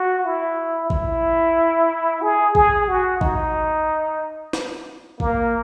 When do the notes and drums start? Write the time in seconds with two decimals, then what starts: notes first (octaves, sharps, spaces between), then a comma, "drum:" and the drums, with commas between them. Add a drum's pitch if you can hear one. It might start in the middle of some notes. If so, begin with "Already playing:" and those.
Already playing: F#4
0.24 E4
0.90 E4, drum: kick
2.22 G#4
2.55 G#4, drum: kick
2.88 F#4
3.21 D#4, drum: kick
4.53 drum: snare
5.20 A#3, drum: kick